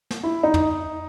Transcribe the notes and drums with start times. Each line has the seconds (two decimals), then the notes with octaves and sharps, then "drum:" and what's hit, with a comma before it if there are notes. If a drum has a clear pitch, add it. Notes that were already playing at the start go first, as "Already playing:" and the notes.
0.11 drum: snare
0.23 E4
0.43 D#4
0.54 drum: tom